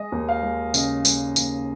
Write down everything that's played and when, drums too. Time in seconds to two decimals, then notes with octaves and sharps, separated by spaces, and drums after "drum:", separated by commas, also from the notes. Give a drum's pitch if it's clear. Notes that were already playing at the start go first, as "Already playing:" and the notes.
Already playing: G#3 D#5
0.12 D#2
0.29 F5
0.43 G#3
0.74 C#3 D#5, drum: tambourine
1.05 G#3, drum: tambourine
1.36 D#2, drum: tambourine